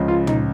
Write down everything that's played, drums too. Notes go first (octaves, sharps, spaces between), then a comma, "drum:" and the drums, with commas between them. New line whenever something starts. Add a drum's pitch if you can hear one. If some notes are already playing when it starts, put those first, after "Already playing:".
Already playing: C#2 C#3 F3
F4
D#4, drum: tom